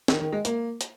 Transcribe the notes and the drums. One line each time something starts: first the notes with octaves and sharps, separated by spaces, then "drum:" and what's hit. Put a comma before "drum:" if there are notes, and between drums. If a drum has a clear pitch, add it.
D#3, drum: snare
D#3
G#3
A#3, drum: hi-hat
drum: hi-hat